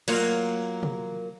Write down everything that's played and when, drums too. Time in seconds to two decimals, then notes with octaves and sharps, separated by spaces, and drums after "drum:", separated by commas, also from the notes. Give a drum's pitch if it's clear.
0.08 F#3 A#3 F4, drum: cymbal
0.83 drum: tom C3